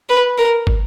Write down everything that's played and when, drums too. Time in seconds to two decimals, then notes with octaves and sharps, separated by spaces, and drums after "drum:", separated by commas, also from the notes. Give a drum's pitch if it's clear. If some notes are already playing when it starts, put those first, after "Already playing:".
0.09 B4
0.38 A#4
0.67 drum: kick